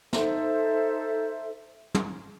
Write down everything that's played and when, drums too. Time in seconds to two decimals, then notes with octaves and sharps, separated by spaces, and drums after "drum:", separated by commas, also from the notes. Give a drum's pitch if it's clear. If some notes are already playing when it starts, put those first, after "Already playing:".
0.13 D#4 A4 C5 E5, drum: snare
1.95 drum: tom